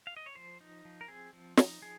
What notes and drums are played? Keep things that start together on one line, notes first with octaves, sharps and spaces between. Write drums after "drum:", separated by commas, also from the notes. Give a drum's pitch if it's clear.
F5
D#5
C#5
F3 C5
D#4
F3
A#4
C4 G#4
F3
D#4, drum: snare
F3 G#4